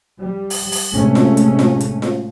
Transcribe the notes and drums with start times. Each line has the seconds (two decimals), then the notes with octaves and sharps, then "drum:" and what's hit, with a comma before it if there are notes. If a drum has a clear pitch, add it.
0.20 G3
0.50 drum: open hi-hat
0.72 drum: open hi-hat
0.94 A1 C3 G#3 A3 C#4
1.15 drum: snare F4
1.37 drum: hi-hat
1.59 drum: snare F4
1.80 drum: hi-hat
2.02 drum: snare F4